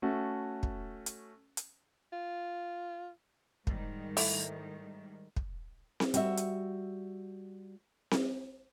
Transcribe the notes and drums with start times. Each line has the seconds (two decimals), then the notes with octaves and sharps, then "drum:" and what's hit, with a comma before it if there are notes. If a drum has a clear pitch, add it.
0.02 A3 C#4 F#4 A4
0.63 drum: kick
1.06 drum: hi-hat
1.57 drum: hi-hat
2.12 F4
3.67 G#2 D#3 G3, drum: kick
4.17 A3 E4, drum: open hi-hat
5.36 drum: kick
6.00 drum: snare C4
6.14 G3 F#4 E5, drum: hi-hat
6.37 drum: hi-hat
8.11 drum: snare C4